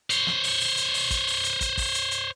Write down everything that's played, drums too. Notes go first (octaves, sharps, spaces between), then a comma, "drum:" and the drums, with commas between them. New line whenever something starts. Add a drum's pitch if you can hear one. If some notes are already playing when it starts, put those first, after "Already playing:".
C5 C#5, drum: hi-hat
drum: snare
drum: open hi-hat
drum: open hi-hat
drum: hi-hat
drum: open hi-hat
drum: kick, hi-hat
drum: open hi-hat
drum: hi-hat
drum: kick, hi-hat
drum: kick, open hi-hat
drum: hi-hat
drum: hi-hat